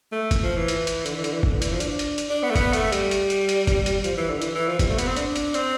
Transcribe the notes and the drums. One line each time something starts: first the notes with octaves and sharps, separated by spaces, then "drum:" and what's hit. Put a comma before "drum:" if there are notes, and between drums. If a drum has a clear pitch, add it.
A3
drum: kick, hi-hat
F3
E3
drum: hi-hat
drum: hi-hat
D3, drum: hi-hat
E3
D3, drum: hi-hat
E3
drum: kick
D3
E3, drum: hi-hat
F3
D4, drum: hi-hat
drum: hi-hat
drum: hi-hat
D4
B3
A3
B3, drum: kick, hi-hat
A3, drum: hi-hat
G3, drum: hi-hat
drum: hi-hat
drum: hi-hat
drum: hi-hat
drum: kick, hi-hat
drum: hi-hat
F3, drum: hi-hat
E3
D3
E3, drum: hi-hat
E3
F3
G3, drum: kick, hi-hat
A3
B3, drum: hi-hat
C4
D4, drum: hi-hat
drum: hi-hat
C4, drum: hi-hat